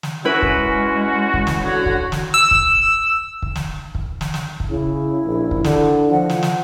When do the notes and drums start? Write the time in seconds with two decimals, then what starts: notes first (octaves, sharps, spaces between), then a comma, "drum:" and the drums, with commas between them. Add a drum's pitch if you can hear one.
0.03 drum: snare
0.25 G#3 C#4 E4 F#4 B4
0.42 drum: kick
1.34 drum: kick
1.47 drum: snare
1.60 D3 F#4 C#5
1.86 drum: kick
2.12 drum: snare
2.34 E6
2.51 drum: kick
3.42 drum: kick
3.55 drum: snare
3.95 drum: kick
4.21 drum: snare
4.34 drum: snare
4.60 drum: kick
4.70 C#3 E4
5.25 A#1
5.51 drum: kick
5.64 D3, drum: snare
6.10 F3 F#5
6.29 drum: snare
6.43 drum: snare